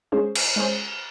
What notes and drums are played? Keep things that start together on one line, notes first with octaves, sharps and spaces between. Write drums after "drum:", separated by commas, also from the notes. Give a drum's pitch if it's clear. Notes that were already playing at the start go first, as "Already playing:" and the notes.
G#3 C#4 G#4 C5
drum: cymbal
G#3 C#4 G#4 C5